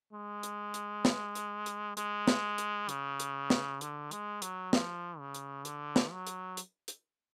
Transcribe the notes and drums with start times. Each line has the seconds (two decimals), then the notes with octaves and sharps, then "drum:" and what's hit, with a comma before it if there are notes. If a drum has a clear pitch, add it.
0.13 G#3
0.43 drum: hi-hat
0.74 drum: hi-hat
1.05 drum: snare
1.35 drum: hi-hat
1.66 drum: hi-hat
1.97 G#3, drum: hi-hat
2.27 drum: snare
2.58 drum: hi-hat
2.89 C#3, drum: hi-hat
3.20 drum: hi-hat
3.50 drum: snare
3.81 D3, drum: hi-hat
4.11 G#3, drum: hi-hat
4.42 F#3, drum: hi-hat
4.73 F3, drum: snare
5.19 C#3
5.34 drum: hi-hat
5.65 D3, drum: hi-hat
5.96 drum: snare
6.11 F#3
6.27 drum: hi-hat
6.57 drum: hi-hat
6.88 drum: hi-hat